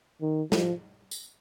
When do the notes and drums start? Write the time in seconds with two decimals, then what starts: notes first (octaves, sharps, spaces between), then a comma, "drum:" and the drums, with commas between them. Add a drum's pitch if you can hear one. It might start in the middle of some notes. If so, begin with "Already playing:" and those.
0.21 D#3
0.52 F3, drum: snare
1.11 drum: tambourine